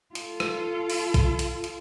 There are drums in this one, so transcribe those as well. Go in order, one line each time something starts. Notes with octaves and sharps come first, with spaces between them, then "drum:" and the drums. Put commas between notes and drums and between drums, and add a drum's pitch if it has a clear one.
F4 A4, drum: hi-hat
drum: rim click
drum: open hi-hat
drum: kick, hi-hat
drum: hi-hat
drum: hi-hat